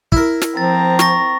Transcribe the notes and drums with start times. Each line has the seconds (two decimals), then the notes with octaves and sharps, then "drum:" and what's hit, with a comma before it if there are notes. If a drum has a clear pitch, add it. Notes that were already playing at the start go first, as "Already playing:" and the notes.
0.12 E4 A#4, drum: kick
0.42 drum: snare
0.57 F3 C4 A#5 A6
0.99 C#6 A#6, drum: snare